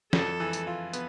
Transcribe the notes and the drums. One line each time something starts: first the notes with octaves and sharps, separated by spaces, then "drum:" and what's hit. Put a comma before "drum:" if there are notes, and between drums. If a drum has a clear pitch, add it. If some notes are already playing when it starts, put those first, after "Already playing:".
F2 A4, drum: snare
E3
drum: tambourine
F4
B3, drum: tambourine